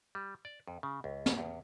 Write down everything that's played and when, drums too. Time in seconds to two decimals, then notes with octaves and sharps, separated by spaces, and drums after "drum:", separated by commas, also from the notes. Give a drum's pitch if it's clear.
0.15 G3
0.45 D5
0.68 F2
0.83 C#3
1.04 C#2
1.26 drum: snare
1.38 E2